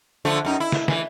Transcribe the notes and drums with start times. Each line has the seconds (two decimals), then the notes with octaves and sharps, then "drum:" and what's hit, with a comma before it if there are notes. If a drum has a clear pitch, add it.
0.25 D3 F3 A3
0.45 F#2 D#4
0.60 E4
0.72 drum: snare
0.88 E3, drum: snare